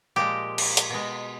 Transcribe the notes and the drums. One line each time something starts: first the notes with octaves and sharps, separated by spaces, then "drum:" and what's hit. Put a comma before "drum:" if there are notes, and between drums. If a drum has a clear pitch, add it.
A#2 F3 G#3 G4
drum: cymbal
drum: hi-hat
B2 G#3